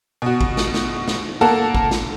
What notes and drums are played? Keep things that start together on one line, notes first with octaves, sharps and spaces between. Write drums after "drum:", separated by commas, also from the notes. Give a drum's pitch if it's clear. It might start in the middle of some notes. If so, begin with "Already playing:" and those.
B2 F#4
drum: kick
drum: snare
drum: snare
drum: snare
A#3 A4 A#4 F#5 A5
drum: kick
drum: snare